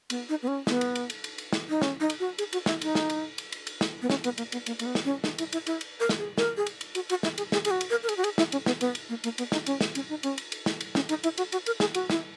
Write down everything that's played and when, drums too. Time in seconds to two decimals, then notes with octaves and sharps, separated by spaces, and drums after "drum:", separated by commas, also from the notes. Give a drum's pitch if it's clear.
0.10 B3, drum: cymbal
0.29 D#4
0.43 B3
0.48 C#4
0.67 B3, drum: snare
0.81 drum: cymbal
0.95 drum: cymbal
1.10 drum: cymbal
1.24 drum: cymbal
1.38 drum: cymbal
1.53 drum: snare
1.69 D#4
1.82 C#4, drum: snare
2.00 D#4
2.10 drum: cymbal
2.20 F#4
2.38 G#4, drum: cymbal
2.53 F#4, drum: cymbal
2.66 E4, drum: snare
2.82 D#4, drum: cymbal
2.95 drum: snare
3.10 drum: cymbal
3.38 drum: cymbal
3.52 drum: cymbal
3.67 drum: cymbal
3.81 drum: snare
4.02 B3
4.10 C#4, drum: snare
4.24 B3, drum: cymbal
4.38 A#3, drum: cymbal
4.52 B3, drum: cymbal
4.66 A#3, drum: cymbal
4.79 A#3, drum: cymbal
4.86 B3
4.95 drum: snare
5.05 C#4
5.24 D#4, drum: snare
5.38 E4, drum: cymbal
5.53 E4, drum: cymbal
5.67 E4, drum: cymbal
5.81 drum: cymbal
6.00 A#4
6.09 drum: snare
6.19 G#4
6.38 A#4, drum: snare
6.57 G#4
6.67 drum: cymbal
6.81 drum: cymbal
6.95 F#4, drum: cymbal
7.10 F#4, drum: cymbal
7.23 E4, drum: snare
7.38 G#4, drum: cymbal
7.52 G#4, drum: snare
7.65 G#4, drum: cymbal
7.71 F#4
7.81 drum: cymbal
7.90 A#4
8.03 A#4
8.09 G#4, drum: cymbal
8.17 F#4
8.24 G#4, drum: cymbal
8.38 E4, drum: snare
8.52 C#4, drum: cymbal
8.66 B3, drum: snare
8.81 B3, drum: cymbal
8.95 drum: cymbal
9.09 A#3
9.24 A#3, drum: cymbal
9.38 B3, drum: cymbal
9.52 D#4, drum: snare
9.66 C#4, drum: cymbal
9.81 drum: snare
9.95 C#4, drum: cymbal
10.09 D#4
10.23 C#4, drum: cymbal
10.38 drum: cymbal
10.52 drum: cymbal
10.66 drum: snare
10.81 drum: cymbal
10.95 C#4, drum: snare
11.09 D#4, drum: cymbal
11.24 E4, drum: cymbal
11.38 F#4, drum: cymbal
11.52 F#4, drum: cymbal
11.66 A#4, drum: cymbal
11.80 G#4, drum: snare
11.94 F#4, drum: cymbal
12.10 E4, drum: snare